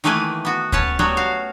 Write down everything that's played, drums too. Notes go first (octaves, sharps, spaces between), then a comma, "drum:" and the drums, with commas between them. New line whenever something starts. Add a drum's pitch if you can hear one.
D#3 E3 A3 A#3 B4 G#5
B3 F#4
C#4 B4 C#5 A5, drum: kick D2
F#3 G3 A3 B3 F#4 C#5
F#4 F5